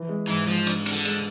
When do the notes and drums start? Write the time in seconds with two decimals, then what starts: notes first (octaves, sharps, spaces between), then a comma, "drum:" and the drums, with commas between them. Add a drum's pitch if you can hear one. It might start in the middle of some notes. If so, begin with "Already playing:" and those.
Already playing: E3
0.09 G#3
0.27 G#2 E3
0.47 F3 G#3
0.67 D4, drum: cymbal
0.86 D4, drum: cymbal
0.92 D3
1.05 G#3, drum: cymbal